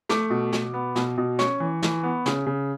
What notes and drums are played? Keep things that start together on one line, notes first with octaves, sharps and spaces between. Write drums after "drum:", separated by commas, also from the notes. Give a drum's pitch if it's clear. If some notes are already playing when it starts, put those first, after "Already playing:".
A3 D6, drum: snare
B2
B2, drum: snare
B3
B2, drum: snare
B2
C#4 C#6, drum: snare
E3
E3, drum: snare
B3
C#3, drum: snare
C#3